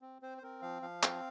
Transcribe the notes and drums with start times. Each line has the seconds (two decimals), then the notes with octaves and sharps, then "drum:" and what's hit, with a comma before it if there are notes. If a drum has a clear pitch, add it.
0.02 C4
0.22 C4 C5
0.38 C5
0.43 C4 A#4
0.62 F3 F5
0.82 F3 F5
1.03 C4, drum: clap